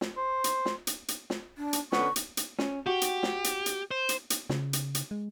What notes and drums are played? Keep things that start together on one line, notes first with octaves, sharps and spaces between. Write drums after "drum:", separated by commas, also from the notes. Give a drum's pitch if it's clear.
drum: snare
C5
drum: hi-hat
drum: snare
drum: hi-hat
drum: hi-hat
drum: snare
D4
drum: hi-hat
D3 B3 C#4 C#6, drum: snare
drum: hi-hat
drum: hi-hat
C#4, drum: snare
F#4 G4
drum: hi-hat
drum: snare
drum: hi-hat
drum: hi-hat
C5
drum: hi-hat
drum: hi-hat
C#3, drum: snare
drum: hi-hat
drum: hi-hat
G#3